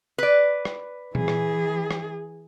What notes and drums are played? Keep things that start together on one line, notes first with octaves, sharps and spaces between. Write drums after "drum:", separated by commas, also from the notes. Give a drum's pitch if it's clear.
B4 D5
drum: rim click
E3 G#4, drum: tom A#2
drum: rim click
drum: rim click